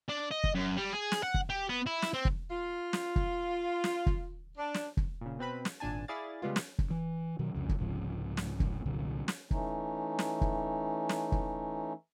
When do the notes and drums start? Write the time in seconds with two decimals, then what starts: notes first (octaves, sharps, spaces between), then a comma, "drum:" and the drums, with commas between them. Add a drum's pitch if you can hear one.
0.09 D4
0.31 D#5
0.44 drum: kick
0.55 F#2
0.77 G3
0.92 G#4
1.12 drum: snare
1.23 F#5
1.34 drum: kick
1.50 G4
1.69 B3
1.87 E4
2.02 drum: snare
2.14 C4
2.25 drum: kick
2.50 F4
2.93 drum: snare
3.16 drum: kick
3.84 drum: snare
4.06 drum: kick
4.57 D4
4.74 drum: snare
4.97 drum: kick
5.21 A#2 C#3
5.39 B2 C4 B4 B5
5.65 drum: snare
5.80 G#1 A#2 D4 G#5 A5
6.08 E4 G#4 D5 F5 A6
6.42 C#3 G3 G#3 B3 F4
6.56 drum: snare
6.79 drum: kick
6.90 E3
7.39 B2 D#3 F#3
7.54 C2 F2 C#3
7.69 drum: kick
7.79 C2 G#2 C#3 F3
8.37 drum: snare
8.60 drum: kick
8.85 C2 A#2 D3 F#3
9.28 drum: snare
9.51 E3 A3 C#4 D#4, drum: kick
10.19 drum: snare
10.41 drum: kick
11.09 drum: snare
11.32 drum: kick